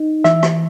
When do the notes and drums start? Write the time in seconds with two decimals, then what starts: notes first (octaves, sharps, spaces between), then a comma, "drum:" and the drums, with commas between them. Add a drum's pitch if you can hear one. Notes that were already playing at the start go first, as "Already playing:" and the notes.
Already playing: D#4
0.24 E3 E5, drum: rim click
0.43 drum: rim click